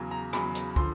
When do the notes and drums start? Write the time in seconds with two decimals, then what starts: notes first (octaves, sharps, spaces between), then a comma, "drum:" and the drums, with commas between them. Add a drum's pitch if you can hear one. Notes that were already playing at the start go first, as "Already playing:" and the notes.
Already playing: E2 C#3 F#3
0.11 A#5
0.33 E2 C#3 F#3 B5, drum: rim click
0.55 drum: hi-hat
0.76 D3 F3 C6, drum: kick